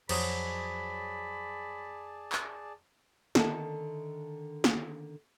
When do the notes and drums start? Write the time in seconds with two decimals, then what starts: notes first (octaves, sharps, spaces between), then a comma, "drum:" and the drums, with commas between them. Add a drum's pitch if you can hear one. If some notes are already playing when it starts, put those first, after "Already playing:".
0.09 F2 F#3 D#4 G#4 C5 D5 A5 B5, drum: cymbal
2.32 drum: clap
3.35 D3 D#3 A4 A#4 E5 A5, drum: snare
4.64 drum: snare